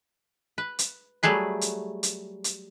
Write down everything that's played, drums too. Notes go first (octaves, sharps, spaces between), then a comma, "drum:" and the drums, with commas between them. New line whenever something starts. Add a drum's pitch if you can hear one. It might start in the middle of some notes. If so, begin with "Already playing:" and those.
B4
drum: hi-hat
F#3 G3 A3 G#4 B4
drum: hi-hat
drum: hi-hat
drum: hi-hat